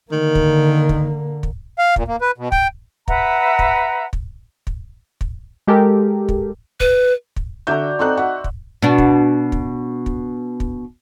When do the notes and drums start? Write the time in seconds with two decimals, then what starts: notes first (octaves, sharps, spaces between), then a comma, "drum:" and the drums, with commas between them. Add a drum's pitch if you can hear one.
0.12 D3 D#3 A#3
0.35 drum: kick
0.89 drum: kick
1.43 drum: kick
1.79 F5
1.96 A#2, drum: kick
2.08 A#3
2.21 B4
2.38 B2
2.52 G5, drum: kick
3.08 B4 E5 F#5 A#5, drum: kick
3.59 drum: kick
4.13 drum: kick
4.67 drum: kick
5.21 drum: kick
5.67 G#3 G4 A4 A#4
6.29 drum: kick
6.80 B4, drum: kick
7.36 drum: kick
7.67 D3 F#4 D5 E5 A#5 G6
7.99 C4 D#4 F#4 A4 C6 F#6
8.17 F#4 E5 F#5
8.44 drum: kick
8.82 B2 D4
8.98 drum: kick
9.52 drum: kick
10.06 drum: kick
10.60 drum: kick